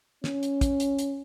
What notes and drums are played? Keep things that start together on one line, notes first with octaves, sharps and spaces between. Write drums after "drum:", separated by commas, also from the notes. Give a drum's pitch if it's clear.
C#4, drum: snare
drum: hi-hat
drum: kick, hi-hat
drum: hi-hat
drum: hi-hat